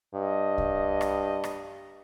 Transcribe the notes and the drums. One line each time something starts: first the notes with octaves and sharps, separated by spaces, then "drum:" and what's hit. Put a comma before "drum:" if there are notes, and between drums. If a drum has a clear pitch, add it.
G2 D#5
drum: kick C2
drum: rim click
drum: rim click